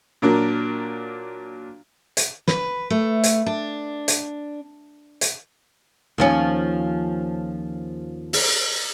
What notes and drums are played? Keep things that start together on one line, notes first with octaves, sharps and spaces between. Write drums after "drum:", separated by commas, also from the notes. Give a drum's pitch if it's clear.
A#2 F#3 D4 A#4
drum: hi-hat
B4, drum: snare
A3
drum: hi-hat
D4
drum: hi-hat
drum: hi-hat
D#2 F3 C#4
drum: open hi-hat